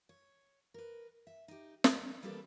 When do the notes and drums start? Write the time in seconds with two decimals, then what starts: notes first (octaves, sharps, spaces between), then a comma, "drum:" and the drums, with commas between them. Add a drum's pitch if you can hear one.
0.09 C#5
0.74 A#4 B4
1.27 E5
1.48 D#4 G4
1.84 F3, drum: snare
2.23 E3 G3 A#3 G4 A4 B4